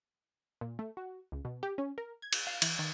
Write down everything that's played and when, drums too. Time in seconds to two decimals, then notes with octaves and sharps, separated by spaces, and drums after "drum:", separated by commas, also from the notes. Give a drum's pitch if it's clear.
0.61 A#2
0.79 A3
0.97 F#4
1.32 C#2
1.45 B2
1.63 G4
1.78 C#4
1.98 A#4
2.22 G#6
2.33 drum: cymbal
2.47 F5
2.62 E3, drum: cymbal
2.79 D#3